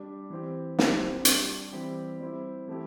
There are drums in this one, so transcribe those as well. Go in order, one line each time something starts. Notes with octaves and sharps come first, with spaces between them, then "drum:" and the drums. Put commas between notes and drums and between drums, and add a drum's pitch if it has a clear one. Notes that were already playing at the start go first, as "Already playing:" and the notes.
Already playing: G3 D4 G4
E3 C4 G4
D3 C4 E4 G4, drum: snare
G3 D4 G4, drum: hi-hat
E3 G3 C4 E4 G4
G3 C4 E4
E3 A3 E4 G4